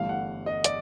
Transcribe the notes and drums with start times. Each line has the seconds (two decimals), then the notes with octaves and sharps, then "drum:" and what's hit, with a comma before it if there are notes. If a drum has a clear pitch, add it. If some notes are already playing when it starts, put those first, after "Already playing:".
Already playing: G1 G2 E3 A3 F5
0.09 F#5
0.46 D#5
0.64 D5, drum: hi-hat